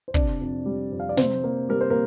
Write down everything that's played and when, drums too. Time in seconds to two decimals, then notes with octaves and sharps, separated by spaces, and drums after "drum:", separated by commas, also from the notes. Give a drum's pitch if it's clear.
0.08 C5
0.14 C3 D4 D5, drum: kick
0.41 F2
0.66 G3
0.92 F2
1.00 F5
1.09 D5
1.17 C3 C4 C5, drum: snare
1.44 A#3
1.69 G3 A#4
1.81 C5
1.90 A#3 A#4